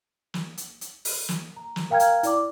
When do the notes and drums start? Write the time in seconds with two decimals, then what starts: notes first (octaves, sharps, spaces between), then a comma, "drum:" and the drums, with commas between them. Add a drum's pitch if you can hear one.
0.34 drum: snare
0.58 drum: hi-hat
0.81 drum: hi-hat
1.05 drum: open hi-hat
1.29 drum: snare
1.56 A#5
1.76 drum: snare
1.90 A#4 F5 G5 A#5 F6 G#6
2.00 drum: hi-hat
2.23 E4 D5 D6, drum: hi-hat